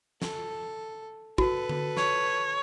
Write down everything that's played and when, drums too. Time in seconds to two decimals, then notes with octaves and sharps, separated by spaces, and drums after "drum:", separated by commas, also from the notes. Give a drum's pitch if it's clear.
0.22 A4, drum: snare
1.38 F#4 A4 B4, drum: kick
1.69 drum: tom D3
1.97 C#5, drum: snare